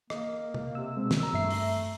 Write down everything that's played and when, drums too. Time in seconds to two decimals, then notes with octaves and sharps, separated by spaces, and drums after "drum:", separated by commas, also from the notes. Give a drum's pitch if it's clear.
0.10 A#3 D#5, drum: rim click
0.54 drum: tom
0.75 C3 E6
0.97 B2 G#3 C4
1.11 drum: snare
1.20 A#5 E6
1.34 G2 A3 E5 C7
1.51 drum: open hi-hat